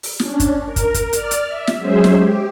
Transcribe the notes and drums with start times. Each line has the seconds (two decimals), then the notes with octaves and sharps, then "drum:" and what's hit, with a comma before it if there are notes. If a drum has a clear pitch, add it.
0.03 drum: open hi-hat
0.19 C#4 D4, drum: snare
0.40 drum: kick, hi-hat
0.66 A#4
0.76 drum: kick, hi-hat
0.94 drum: kick, hi-hat
1.13 D5 F6, drum: hi-hat
1.31 drum: hi-hat
1.47 E5
1.67 drum: snare
1.78 F#3 G#3 C#4 G#4 C5 E5
2.04 drum: snare
2.16 G4